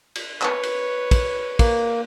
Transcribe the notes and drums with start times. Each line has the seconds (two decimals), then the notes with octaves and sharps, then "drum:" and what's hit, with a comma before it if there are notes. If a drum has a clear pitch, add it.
0.16 drum: cymbal
0.42 B4 C#5, drum: clap
0.63 drum: cymbal
1.11 drum: kick, cymbal
1.59 A#3, drum: kick, cymbal